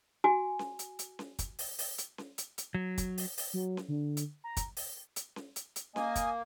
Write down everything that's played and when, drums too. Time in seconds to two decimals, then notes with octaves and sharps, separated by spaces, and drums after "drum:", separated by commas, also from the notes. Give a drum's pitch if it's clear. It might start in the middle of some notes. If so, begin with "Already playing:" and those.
0.24 F#4 G#5
0.59 drum: snare C#4
0.79 drum: hi-hat
0.99 drum: hi-hat
1.19 drum: snare C#4
1.39 drum: kick, hi-hat
1.59 drum: open hi-hat
1.78 drum: open hi-hat
1.98 drum: hi-hat
2.18 drum: snare C#4
2.38 drum: hi-hat
2.58 drum: hi-hat
2.75 F#3
2.98 drum: kick, hi-hat
3.18 drum: open hi-hat
3.37 drum: open hi-hat
3.53 F#3
3.77 drum: snare C#4
3.88 D3
4.17 drum: hi-hat
4.44 A#5
4.57 drum: kick, hi-hat
4.77 drum: open hi-hat
5.16 drum: hi-hat
5.36 drum: snare C#4
5.56 drum: hi-hat
5.76 drum: hi-hat
5.96 A#3 D#5 G#5, drum: snare C#4
6.16 drum: kick, hi-hat